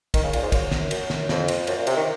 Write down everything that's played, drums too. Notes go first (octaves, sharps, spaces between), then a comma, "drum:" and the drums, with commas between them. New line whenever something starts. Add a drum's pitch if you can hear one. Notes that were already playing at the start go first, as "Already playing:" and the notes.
D#3, drum: kick, cymbal
C#3
A#2, drum: cymbal
G#2
F#2, drum: kick, cymbal
drum: snare
F#2, drum: cymbal
drum: snare
F2, drum: snare
drum: cymbal
F#2, drum: cymbal
A#2
C3, drum: cymbal
D#3